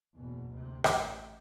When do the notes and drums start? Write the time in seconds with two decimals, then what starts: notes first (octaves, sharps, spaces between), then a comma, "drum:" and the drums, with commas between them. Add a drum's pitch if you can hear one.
0.17 F#1 E2 B2
0.50 D2 C3
0.84 A1 A2, drum: rim click